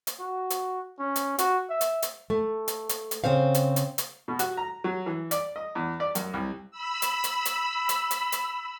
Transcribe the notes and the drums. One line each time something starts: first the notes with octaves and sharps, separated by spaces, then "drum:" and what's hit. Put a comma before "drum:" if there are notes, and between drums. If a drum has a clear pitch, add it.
drum: hi-hat
F#4
drum: hi-hat
C#4
drum: hi-hat
F#4, drum: hi-hat
E5
drum: hi-hat
drum: hi-hat
A3
drum: hi-hat
drum: hi-hat
drum: hi-hat
C#3 C4 C5 F5
drum: hi-hat
drum: hi-hat
drum: hi-hat
B2
F#4, drum: hi-hat
A#5
F#3
E3
D5, drum: hi-hat
D#5
E2
D5
F#2, drum: hi-hat
C2
B5 E6
drum: hi-hat
drum: hi-hat
drum: hi-hat
drum: hi-hat
drum: hi-hat
drum: hi-hat